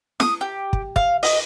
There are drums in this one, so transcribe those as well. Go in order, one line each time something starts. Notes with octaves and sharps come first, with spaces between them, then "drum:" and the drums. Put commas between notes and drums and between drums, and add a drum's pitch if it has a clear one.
D#6, drum: snare
G4
drum: kick
F5, drum: kick
D#5, drum: open hi-hat